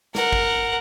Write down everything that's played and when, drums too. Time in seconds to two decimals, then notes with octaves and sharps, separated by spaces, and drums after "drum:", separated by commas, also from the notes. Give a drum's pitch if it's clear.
0.15 A#4 F#5, drum: snare
0.33 drum: kick